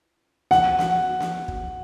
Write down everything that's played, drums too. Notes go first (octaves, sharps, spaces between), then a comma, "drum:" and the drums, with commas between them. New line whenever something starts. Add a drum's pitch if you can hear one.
F#5, drum: snare
drum: snare
drum: snare
drum: kick